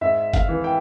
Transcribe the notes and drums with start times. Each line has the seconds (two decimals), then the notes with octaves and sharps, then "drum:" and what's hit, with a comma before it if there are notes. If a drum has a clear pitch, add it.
0.01 G#2 E5
0.34 F5, drum: kick, hi-hat
0.48 E3
0.64 G5